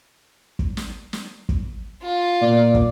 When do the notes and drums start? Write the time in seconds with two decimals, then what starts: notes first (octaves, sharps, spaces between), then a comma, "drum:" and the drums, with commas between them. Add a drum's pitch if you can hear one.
0.59 drum: kick
0.77 drum: snare
1.13 drum: snare
1.49 drum: kick
2.03 F4
2.42 A#2 D5
2.74 drum: kick